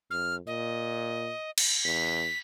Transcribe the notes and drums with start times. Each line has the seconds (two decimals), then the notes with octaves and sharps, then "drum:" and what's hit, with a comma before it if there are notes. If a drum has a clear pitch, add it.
0.11 F2 F6
0.47 A#2 D#5
1.58 drum: cymbal
1.85 E2 B6